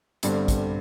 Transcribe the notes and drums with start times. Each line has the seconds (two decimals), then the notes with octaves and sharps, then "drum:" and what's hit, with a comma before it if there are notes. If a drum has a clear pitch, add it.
0.23 G1 G2 D3 G3 C4, drum: hi-hat
0.48 drum: kick, hi-hat